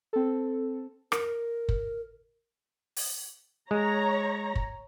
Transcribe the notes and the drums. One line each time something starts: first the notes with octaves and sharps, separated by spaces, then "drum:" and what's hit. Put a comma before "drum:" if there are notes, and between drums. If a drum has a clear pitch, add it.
C4 A4
A#4, drum: rim click
drum: kick
drum: open hi-hat
G#3 C#5 A#5
drum: kick